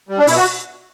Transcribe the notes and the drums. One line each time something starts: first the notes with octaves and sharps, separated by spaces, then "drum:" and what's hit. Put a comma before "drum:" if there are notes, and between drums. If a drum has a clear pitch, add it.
G3
D4
B2 E4, drum: open hi-hat
F#4